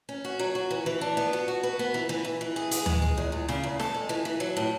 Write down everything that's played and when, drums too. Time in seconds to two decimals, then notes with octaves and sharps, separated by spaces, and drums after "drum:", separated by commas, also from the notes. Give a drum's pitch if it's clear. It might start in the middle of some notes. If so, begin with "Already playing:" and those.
0.09 C#4
0.25 F#4
0.39 F#3
0.55 F#4
0.71 E3
0.86 E3
1.01 D4
1.17 B3
1.33 F#4
1.48 F#4
1.63 B4
1.79 B3
1.94 E3
2.09 E3
2.25 E3
2.41 E3
2.56 G#4
2.71 G#4, drum: hi-hat
2.86 G#3, drum: tom D2
3.02 G#4
3.18 E2
3.32 E2
3.49 C#3, drum: snare
3.63 E2
3.80 A4, drum: snare
3.94 G#3
4.09 E3
4.25 E3
4.40 F#3
4.57 A2